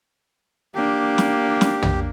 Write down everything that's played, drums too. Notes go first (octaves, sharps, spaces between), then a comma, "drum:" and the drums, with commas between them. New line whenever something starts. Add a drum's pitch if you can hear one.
A#3 D4 G4
drum: snare
drum: snare
drum: tom